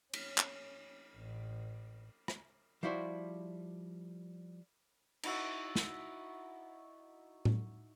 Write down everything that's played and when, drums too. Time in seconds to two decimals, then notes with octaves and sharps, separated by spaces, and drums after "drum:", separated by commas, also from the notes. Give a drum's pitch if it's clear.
0.13 C#4, drum: cymbal
0.38 drum: clap
1.16 A1
2.28 drum: rim click
2.83 F3 G3 E4 F#4 C5
5.23 D#4 E4 F#4 E5, drum: cymbal
5.75 drum: snare
7.45 drum: tom A2